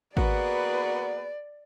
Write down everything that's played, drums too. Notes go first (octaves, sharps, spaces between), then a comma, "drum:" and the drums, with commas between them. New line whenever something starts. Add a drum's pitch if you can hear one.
A#3 B3 F#4 G#4 B4 D5, drum: kick G#1